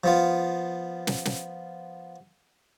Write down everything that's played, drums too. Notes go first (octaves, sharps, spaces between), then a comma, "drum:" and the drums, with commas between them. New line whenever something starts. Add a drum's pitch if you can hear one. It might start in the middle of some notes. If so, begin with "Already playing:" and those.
F3 B3 F4
drum: snare
drum: snare